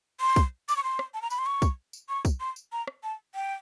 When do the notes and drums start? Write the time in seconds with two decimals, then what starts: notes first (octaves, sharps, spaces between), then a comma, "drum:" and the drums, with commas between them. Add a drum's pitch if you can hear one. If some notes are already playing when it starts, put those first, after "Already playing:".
0.21 C6
0.36 drum: kick, tambourine
0.69 D6, drum: tambourine
0.76 C#6
0.84 C6
0.99 drum: rim click
1.14 A5
1.22 A#5
1.30 B5, drum: tambourine
1.38 C6
1.46 C#6
1.62 drum: kick, tambourine
1.93 drum: tambourine
2.09 C#6
2.25 drum: kick, tambourine
2.40 C6
2.56 drum: tambourine
2.72 A#5
2.88 drum: rim click
3.03 A5
3.35 G5